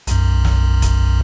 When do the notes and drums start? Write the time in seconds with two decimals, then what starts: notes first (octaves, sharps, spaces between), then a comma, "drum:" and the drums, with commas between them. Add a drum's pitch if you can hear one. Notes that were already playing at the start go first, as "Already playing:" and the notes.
0.07 B1 F#2, drum: hi-hat
0.45 drum: snare
0.82 drum: kick F1, hi-hat